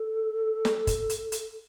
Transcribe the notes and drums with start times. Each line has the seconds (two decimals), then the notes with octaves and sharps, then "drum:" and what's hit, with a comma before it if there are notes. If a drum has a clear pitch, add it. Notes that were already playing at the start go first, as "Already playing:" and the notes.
Already playing: A4
0.65 drum: snare
0.87 drum: kick, hi-hat
1.10 drum: hi-hat
1.32 drum: hi-hat